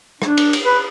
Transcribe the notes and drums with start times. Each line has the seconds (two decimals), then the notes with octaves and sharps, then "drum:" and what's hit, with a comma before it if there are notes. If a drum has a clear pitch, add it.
0.22 D4, drum: rim click
0.37 drum: cymbal
0.53 drum: cymbal
0.64 B4